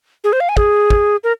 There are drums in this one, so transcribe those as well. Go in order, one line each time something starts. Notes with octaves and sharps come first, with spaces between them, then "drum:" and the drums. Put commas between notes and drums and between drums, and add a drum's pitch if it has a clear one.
G#4
C5
F5
G#5
G#4, drum: kick
drum: kick
A#4